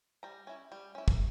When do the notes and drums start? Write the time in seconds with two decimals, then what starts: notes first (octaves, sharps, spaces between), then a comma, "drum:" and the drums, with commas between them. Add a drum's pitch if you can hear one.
0.23 G3 A#5
0.47 C#4 E4
0.72 G3
0.95 C#4 E4
1.08 drum: kick